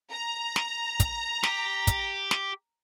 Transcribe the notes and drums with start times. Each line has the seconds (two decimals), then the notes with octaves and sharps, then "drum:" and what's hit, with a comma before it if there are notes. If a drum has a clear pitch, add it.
0.11 A#5
0.56 drum: snare
1.00 drum: kick, hi-hat
1.43 G4, drum: snare
1.87 drum: kick, hi-hat
2.31 drum: snare